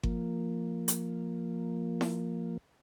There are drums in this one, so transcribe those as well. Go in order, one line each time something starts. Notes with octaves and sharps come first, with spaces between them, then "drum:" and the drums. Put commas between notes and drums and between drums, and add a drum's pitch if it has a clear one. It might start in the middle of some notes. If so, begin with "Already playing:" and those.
F3 A#3, drum: kick G1
drum: hi-hat
drum: snare E4